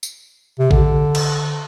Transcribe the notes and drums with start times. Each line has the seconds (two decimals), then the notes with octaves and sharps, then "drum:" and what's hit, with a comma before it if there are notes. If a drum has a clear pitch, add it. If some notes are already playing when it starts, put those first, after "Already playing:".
0.03 drum: tambourine
0.59 C3
0.71 D3, drum: kick A1
1.15 drum: cymbal